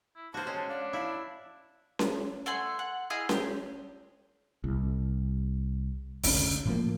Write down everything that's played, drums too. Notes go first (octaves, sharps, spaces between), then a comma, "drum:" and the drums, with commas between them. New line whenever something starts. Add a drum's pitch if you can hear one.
E4
A#3 F#4 C5 A5
G#3 C#4
D4 F5
E4 F5
drum: snare C#4
A3 F#5 G#5 C6
F#5
E4 G#4 D#5 F5
G4, drum: snare C#4
C2
F1 C#2 D3 C#4, drum: open hi-hat
A2 F3 A#3